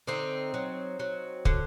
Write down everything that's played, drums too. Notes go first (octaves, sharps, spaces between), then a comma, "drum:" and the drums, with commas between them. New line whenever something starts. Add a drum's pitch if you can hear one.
D3 C4 D#4
F#3
F#3
D3, drum: kick